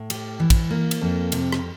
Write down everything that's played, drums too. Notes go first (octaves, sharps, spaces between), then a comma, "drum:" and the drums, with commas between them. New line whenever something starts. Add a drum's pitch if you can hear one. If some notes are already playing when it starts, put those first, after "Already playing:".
Already playing: A2
G4, drum: cymbal
E3
drum: kick, cymbal
A#3
drum: cymbal
F2
C3, drum: cymbal
drum: rim click